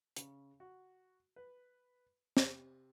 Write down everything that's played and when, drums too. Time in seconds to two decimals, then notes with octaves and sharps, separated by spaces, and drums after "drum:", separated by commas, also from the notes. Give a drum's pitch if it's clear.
0.16 C#3, drum: hi-hat
0.60 F#4
1.36 B4
2.37 C3, drum: snare